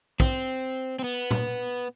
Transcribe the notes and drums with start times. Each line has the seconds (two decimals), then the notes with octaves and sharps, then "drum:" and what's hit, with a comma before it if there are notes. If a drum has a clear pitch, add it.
0.20 C4, drum: kick
0.99 C4
1.04 B3
1.31 drum: tom A#2